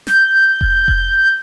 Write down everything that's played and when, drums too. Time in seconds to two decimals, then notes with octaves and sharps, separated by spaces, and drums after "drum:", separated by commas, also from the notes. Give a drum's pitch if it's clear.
0.07 G6, drum: snare
0.61 drum: kick F1
0.88 drum: kick F1